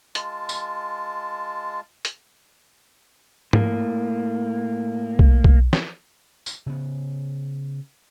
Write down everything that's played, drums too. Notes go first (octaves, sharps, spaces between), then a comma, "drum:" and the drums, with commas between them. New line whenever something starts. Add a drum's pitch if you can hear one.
G#3 F4 A5, drum: hi-hat
drum: tambourine
drum: hi-hat
A2 A#3, drum: tom G#2
drum: kick
drum: kick
drum: snare
drum: tambourine
C#3 B3